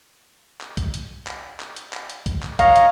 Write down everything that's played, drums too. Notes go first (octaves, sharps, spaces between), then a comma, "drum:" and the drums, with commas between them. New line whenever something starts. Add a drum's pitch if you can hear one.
drum: clap
drum: kick B1, hi-hat
drum: hi-hat
drum: clap
drum: clap
drum: hi-hat
drum: clap
drum: hi-hat
drum: kick B1, hi-hat
drum: clap
C#5 D#5 F5 A#5, drum: kick B1, hi-hat
drum: hi-hat